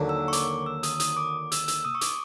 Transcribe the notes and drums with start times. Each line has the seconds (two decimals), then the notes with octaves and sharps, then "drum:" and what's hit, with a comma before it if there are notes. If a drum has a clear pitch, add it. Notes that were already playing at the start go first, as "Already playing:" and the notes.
Already playing: D#2 D3 F#3
0.09 E6
0.28 C#6
0.33 D6, drum: hi-hat
0.66 E6
0.83 D#6, drum: hi-hat
1.00 D#6, drum: hi-hat
1.17 D6
1.52 E6, drum: hi-hat
1.68 E6, drum: hi-hat
1.85 D#6
1.95 C#6
2.01 D6, drum: hi-hat